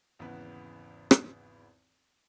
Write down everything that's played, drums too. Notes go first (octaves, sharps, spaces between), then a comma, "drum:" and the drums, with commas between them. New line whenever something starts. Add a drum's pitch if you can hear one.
G#1 E2 C#3 B3 B4
drum: rim click